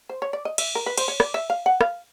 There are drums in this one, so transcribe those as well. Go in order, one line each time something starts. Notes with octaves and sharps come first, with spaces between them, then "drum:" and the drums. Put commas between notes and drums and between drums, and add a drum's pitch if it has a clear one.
C5
C#5
D5
D#5
E5, drum: cymbal
A#4
B4
C5, drum: cymbal
C#5
D5, drum: rim click
E5
F5
F#5
F5, drum: rim click